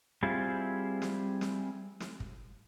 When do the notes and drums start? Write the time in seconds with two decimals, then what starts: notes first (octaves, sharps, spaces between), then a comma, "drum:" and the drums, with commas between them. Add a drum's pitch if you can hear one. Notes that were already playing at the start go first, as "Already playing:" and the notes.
0.23 G3 C4 E4 F4 G#4
1.02 drum: snare
1.41 drum: snare
2.00 drum: snare
2.20 drum: kick